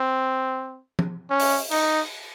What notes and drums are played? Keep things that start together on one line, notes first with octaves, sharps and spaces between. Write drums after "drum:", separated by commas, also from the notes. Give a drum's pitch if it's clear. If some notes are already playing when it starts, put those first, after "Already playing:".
Already playing: C4
drum: tom F3
C#4
drum: open hi-hat
D#4, drum: cymbal